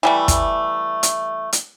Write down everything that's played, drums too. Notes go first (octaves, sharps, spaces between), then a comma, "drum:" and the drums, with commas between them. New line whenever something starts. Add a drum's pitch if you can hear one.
E3 G3 A3
drum: kick, hi-hat
drum: hi-hat
drum: hi-hat